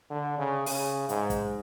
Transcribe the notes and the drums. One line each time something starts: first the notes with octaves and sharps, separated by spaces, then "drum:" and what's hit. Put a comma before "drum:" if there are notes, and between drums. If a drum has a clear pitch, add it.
D3
C#3
C#3, drum: open hi-hat
G#2, drum: hi-hat
drum: kick, hi-hat